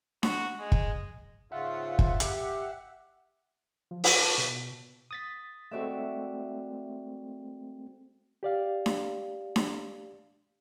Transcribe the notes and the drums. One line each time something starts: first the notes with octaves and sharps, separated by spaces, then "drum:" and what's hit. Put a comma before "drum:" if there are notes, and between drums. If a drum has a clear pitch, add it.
F#4, drum: snare D4
G#3
drum: kick
G#2 C#3 F4 E5 F#5
drum: kick
G4, drum: hi-hat
F3
C#5, drum: open hi-hat
A5
B2
D#6 A6 B6
G#3 A3 C4 F#4 D5 E5
G4 D5 F5
drum: snare D4
drum: snare D4